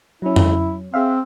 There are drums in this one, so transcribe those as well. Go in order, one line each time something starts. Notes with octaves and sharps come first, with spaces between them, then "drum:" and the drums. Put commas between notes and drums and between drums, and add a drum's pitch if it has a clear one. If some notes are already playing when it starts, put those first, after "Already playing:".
F#3 C#4 E4
drum: tom F2
C4 G#4 E5 F5